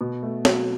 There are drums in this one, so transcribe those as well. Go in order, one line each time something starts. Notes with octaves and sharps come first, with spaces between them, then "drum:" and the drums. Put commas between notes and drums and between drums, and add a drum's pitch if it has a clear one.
B2
A3
F#3, drum: snare